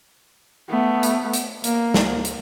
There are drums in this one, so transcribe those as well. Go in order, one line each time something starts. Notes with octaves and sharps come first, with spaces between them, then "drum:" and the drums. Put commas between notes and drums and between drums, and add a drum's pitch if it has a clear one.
A3 B3
drum: hi-hat
drum: hi-hat
A#3, drum: hi-hat
drum: snare
drum: hi-hat